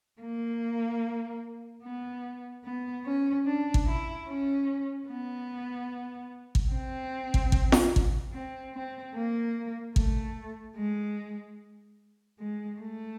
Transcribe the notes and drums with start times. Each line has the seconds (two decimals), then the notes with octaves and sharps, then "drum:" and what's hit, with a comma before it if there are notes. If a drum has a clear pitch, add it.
0.21 A#3
1.83 B3
2.65 B3
3.05 C#4
3.46 D4
3.74 drum: kick
3.87 E4
4.27 C#4
5.08 B3
6.55 drum: kick
6.71 C4
7.34 drum: kick
7.52 drum: kick
7.72 drum: snare
7.96 drum: kick
8.33 C4
8.74 C4
9.14 A#3
9.96 A3, drum: kick
10.77 G#3
12.40 G#3
12.80 A3